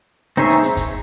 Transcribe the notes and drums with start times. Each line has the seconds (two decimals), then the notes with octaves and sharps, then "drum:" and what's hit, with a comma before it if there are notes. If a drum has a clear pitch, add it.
0.37 C4 D#4 G#4 C#5 E5, drum: snare
0.50 drum: hi-hat
0.63 drum: hi-hat
0.77 drum: kick, hi-hat